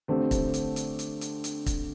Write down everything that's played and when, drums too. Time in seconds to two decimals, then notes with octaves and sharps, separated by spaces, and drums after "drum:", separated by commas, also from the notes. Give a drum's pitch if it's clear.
0.08 D3 A3 C4 G4
0.31 drum: kick, hi-hat
0.54 drum: hi-hat
0.76 drum: hi-hat
0.99 drum: hi-hat
1.21 drum: hi-hat
1.44 drum: hi-hat
1.66 drum: kick, hi-hat